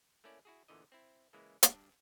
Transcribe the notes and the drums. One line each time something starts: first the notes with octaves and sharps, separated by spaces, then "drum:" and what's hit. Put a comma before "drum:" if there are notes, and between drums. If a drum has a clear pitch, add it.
A3 A#3 C#4 E4 D5
E4 F#4 G#4
E2 A#2 D3 E3 D#5
C4 E4
C#3 E3 G#3 A#3 E4
G2 D4 D5, drum: hi-hat